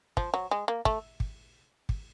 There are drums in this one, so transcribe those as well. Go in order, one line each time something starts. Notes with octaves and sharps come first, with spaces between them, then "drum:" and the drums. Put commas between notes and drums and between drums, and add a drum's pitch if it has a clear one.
F3, drum: kick
F#3
G#3
A#3
A3, drum: kick
drum: kick
drum: kick